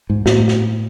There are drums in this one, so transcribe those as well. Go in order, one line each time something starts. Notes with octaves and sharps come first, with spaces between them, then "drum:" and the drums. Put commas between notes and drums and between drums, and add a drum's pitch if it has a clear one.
G#2
A2, drum: snare
drum: snare